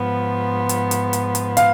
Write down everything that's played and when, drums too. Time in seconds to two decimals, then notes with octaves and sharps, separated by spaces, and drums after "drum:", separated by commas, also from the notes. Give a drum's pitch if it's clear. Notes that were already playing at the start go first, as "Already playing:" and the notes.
Already playing: G#2 F3 B3
0.69 drum: hi-hat
0.91 drum: hi-hat
1.13 drum: hi-hat
1.35 drum: hi-hat
1.57 F5, drum: hi-hat